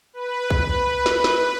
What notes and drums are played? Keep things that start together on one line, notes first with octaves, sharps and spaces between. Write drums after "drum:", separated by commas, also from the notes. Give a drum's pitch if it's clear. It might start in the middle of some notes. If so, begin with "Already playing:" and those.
B4
drum: kick B1
drum: snare
drum: snare